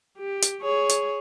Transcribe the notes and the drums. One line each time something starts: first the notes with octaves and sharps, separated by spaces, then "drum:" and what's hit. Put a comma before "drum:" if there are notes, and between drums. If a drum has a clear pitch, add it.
G4
drum: hi-hat
G#4 C#5
drum: hi-hat